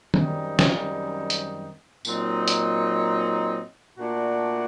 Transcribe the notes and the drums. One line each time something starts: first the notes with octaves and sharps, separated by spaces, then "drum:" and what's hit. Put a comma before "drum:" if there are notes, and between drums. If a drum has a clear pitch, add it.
F#2 D#3 G3 C4 D#4, drum: tom
drum: snare
drum: hi-hat
A#2 F#3 C4 D#4, drum: tambourine
drum: hi-hat
A#2 A3 D4 F#4